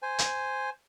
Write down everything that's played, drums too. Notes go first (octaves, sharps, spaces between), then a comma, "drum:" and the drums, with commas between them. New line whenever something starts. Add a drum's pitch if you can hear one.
C5 G#5
drum: hi-hat